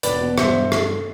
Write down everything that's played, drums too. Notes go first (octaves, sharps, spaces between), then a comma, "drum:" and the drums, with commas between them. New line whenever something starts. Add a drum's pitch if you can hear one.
E1 B4 D5, drum: hi-hat
B2
G2 C5 E5, drum: rim click
G2
A3, drum: rim click